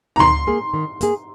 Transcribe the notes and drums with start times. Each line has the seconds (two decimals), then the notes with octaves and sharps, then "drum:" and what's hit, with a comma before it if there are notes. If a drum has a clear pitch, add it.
0.16 A#5
0.19 D#3 C6, drum: tom D2
0.47 A#3 G#4
0.74 D#3
1.01 A#3 G#4, drum: hi-hat